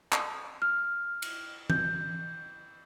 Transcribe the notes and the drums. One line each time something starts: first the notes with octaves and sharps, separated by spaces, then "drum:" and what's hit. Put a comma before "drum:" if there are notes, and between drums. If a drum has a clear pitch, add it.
drum: clap
F6
drum: cymbal
G6, drum: tom E3